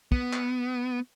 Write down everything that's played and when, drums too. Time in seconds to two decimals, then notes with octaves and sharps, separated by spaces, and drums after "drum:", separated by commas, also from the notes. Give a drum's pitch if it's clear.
0.12 B3, drum: kick
0.33 drum: clap